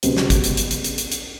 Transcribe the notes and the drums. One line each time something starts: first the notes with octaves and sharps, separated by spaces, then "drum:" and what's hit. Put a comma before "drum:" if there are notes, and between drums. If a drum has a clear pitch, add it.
C#2 B2 G3 C4, drum: hi-hat
drum: snare
drum: kick, hi-hat
drum: hi-hat
drum: hi-hat
drum: hi-hat
drum: hi-hat
drum: hi-hat
drum: hi-hat